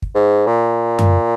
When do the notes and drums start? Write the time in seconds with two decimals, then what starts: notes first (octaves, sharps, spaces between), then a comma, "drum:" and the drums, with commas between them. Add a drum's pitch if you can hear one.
0.02 drum: kick
0.15 G#2
0.47 A#2
0.99 drum: tom F#2